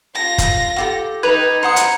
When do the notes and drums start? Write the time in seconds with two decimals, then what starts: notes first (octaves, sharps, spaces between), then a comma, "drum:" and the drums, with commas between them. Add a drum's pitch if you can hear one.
0.15 F4 A5 A#6
0.38 drum: kick, hi-hat
0.76 F#4 G4 A4
1.23 D#4 B4 G#6 F7
1.63 C5 F#5 A#5 D#6 C#7
1.76 drum: hi-hat